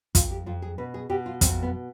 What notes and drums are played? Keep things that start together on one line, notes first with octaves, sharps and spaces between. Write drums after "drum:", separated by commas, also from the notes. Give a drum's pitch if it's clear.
F2 F4, drum: kick, hi-hat
G4
F2 F4
G#4
B2 B4
G#4
B2 G4
F4
F2 C4, drum: kick, hi-hat
B3